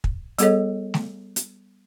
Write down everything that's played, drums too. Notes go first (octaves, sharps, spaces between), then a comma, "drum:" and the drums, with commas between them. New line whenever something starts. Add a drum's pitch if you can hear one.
drum: kick
G3 B3 G#4 A4 C#5 D#5, drum: hi-hat
drum: snare A3
drum: hi-hat